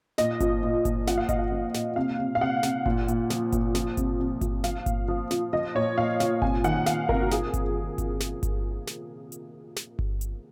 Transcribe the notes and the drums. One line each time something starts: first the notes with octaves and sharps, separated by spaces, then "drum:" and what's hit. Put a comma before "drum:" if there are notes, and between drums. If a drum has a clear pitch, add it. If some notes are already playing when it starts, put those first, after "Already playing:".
A#2 D#5, drum: snare
F3, drum: kick G1, hi-hat
A#2
A#2, drum: kick G1, hi-hat
F3 F#5, drum: snare
F5
A#2 D#5, drum: kick G1, hi-hat
F5
F3
A#2, drum: snare
C3 F5
C3
F5
C3 F#5
C3, drum: snare
A#2, drum: kick G1
A#2, drum: hi-hat
F3, drum: snare
A#2, drum: kick G1, hi-hat
F3, drum: snare
C3, drum: kick G1, hi-hat
C3
F3, drum: kick G1, hi-hat
F3 F5, drum: snare
A#2, drum: kick G1, hi-hat
F3
F3, drum: snare
F3 D#5
A#2 C#5
A#2 F5
F3 F5, drum: snare
C3 G#5, drum: kick G1
D#3 F#5, drum: hi-hat
D#3 F5, drum: snare
C3 A#4, drum: kick G1
F#4
F3 G#4, drum: snare
drum: kick G1, hi-hat
drum: kick G1, hi-hat
drum: snare
drum: kick G1, hi-hat
drum: snare
drum: hi-hat
drum: snare
drum: kick G1
drum: hi-hat